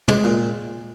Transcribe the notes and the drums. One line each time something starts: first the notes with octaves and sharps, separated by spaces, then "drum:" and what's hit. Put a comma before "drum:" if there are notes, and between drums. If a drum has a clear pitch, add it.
G#3, drum: tom
A#2